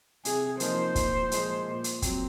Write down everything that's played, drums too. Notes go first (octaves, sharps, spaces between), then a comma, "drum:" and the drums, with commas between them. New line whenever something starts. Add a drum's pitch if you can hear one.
C3 G#4, drum: hi-hat
F3 A#3 D#4 C5, drum: hi-hat
A#2, drum: kick, hi-hat
F3 G#3, drum: hi-hat
A#2
drum: hi-hat
F#3 C4, drum: kick, hi-hat